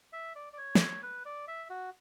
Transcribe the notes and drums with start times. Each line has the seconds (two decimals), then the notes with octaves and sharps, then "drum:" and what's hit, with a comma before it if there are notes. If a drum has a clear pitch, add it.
0.13 E5
0.35 D5
0.53 D5
0.58 C#5
0.75 D5, drum: snare
0.81 C#5
1.03 B4
1.25 D5
1.48 E5
1.70 F#4